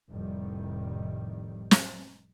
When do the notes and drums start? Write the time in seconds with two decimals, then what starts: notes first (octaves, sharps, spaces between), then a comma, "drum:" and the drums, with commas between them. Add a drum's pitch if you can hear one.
0.10 F1 A2 D#3 G3
1.71 drum: snare